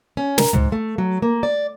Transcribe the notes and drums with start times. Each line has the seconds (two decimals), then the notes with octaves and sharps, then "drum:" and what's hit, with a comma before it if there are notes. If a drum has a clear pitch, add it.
0.17 C#4
0.38 A#4, drum: snare
0.53 G#2, drum: tom C#2
0.72 A3
0.98 F#3
1.22 A#3
1.43 D5